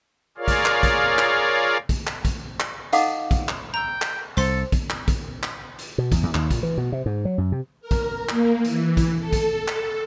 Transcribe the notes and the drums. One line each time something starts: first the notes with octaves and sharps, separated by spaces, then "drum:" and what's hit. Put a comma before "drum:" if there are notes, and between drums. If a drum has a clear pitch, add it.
F4 G#4 A#4 C#5 D5 F5
drum: kick, hi-hat
drum: clap
drum: kick, hi-hat
drum: clap
drum: kick, hi-hat
drum: clap
drum: kick, hi-hat
drum: clap
D#4 A4 D#5 F5 F#5 D6, drum: hi-hat
drum: kick, hi-hat
drum: clap
G5 A#5 E6
drum: clap
C2 A4 C5 C6, drum: hi-hat
drum: kick, hi-hat
drum: clap
drum: kick, hi-hat
drum: clap
drum: hi-hat
B2
E2, drum: kick, hi-hat
E2
D#2, drum: clap
A#2, drum: kick, hi-hat
E3
B2
C3
G#2
F#3
F#2
C3
A#4
drum: kick, hi-hat
A#3, drum: clap
E3, drum: hi-hat
drum: kick, hi-hat
A4
drum: kick, hi-hat
drum: clap